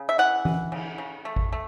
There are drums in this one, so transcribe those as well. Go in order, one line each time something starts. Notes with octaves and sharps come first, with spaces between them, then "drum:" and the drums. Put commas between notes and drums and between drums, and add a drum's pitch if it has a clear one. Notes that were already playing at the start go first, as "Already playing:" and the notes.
Already playing: C#3
E5
E3 F#5
E3, drum: tom E3
C#3, drum: cymbal
C#3
A3
drum: kick G#1
A3